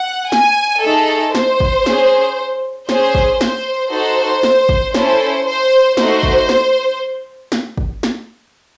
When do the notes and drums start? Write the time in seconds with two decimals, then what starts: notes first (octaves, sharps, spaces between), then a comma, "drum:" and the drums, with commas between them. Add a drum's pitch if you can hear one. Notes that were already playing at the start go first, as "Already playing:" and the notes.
Already playing: F#5
0.32 G#5, drum: snare
0.83 A3 D#4 G#4 A4
1.35 C5, drum: snare
1.60 drum: kick
1.86 C#4 G#4, drum: snare
2.89 C#4 G#4 C5, drum: snare
3.15 drum: kick
3.41 C5, drum: snare
3.91 D#4 F#4 A4 C5
4.43 drum: snare
4.69 drum: kick
4.94 C#4 E4 A4 C5, drum: snare
5.47 C5
5.97 A3 D#4 F#4 C5, drum: snare
6.23 drum: kick
6.49 drum: snare
7.52 drum: snare
7.78 drum: kick
8.03 drum: snare